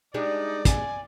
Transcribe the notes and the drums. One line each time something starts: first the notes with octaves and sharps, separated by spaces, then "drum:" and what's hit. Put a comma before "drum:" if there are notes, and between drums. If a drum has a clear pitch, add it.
G3 G#3 D4 D#4 D5
G#5, drum: kick, hi-hat